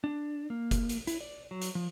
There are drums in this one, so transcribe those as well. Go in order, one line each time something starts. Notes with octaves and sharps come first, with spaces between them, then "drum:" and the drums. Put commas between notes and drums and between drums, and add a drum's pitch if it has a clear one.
D4
A#3
drum: kick F1, hi-hat
drum: hi-hat
E4, drum: hi-hat
D5
F#3
drum: hi-hat
F3